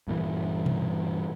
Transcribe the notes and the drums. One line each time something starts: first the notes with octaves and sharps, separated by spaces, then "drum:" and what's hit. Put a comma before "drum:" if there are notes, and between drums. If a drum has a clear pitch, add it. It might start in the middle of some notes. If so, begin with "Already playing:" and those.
G2 A#2 E3
drum: tom B2